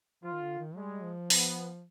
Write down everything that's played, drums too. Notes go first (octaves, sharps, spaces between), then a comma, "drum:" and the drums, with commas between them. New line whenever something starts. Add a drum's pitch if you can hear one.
F3 F4
D#3
D3
D#3
G3 G#3
F3
B3, drum: open hi-hat